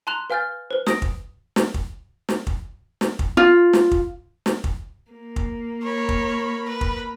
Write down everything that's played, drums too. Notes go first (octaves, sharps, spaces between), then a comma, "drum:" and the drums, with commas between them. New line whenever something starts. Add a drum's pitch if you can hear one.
A5 A#5 C6 F#6 E7 F7
B4 F5 G#5 F6 G6 A6
B4 C5
D#6 A#6 D7, drum: snare
drum: kick
drum: snare
drum: kick
drum: snare
drum: kick
drum: snare
drum: kick
F4
drum: snare
drum: kick
drum: snare
drum: kick
A#3
drum: kick
A#4 C#5 B5
drum: kick
B4
drum: kick